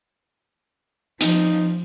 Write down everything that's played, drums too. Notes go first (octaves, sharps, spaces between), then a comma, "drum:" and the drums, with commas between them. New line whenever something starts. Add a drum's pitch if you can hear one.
F3 D#4, drum: hi-hat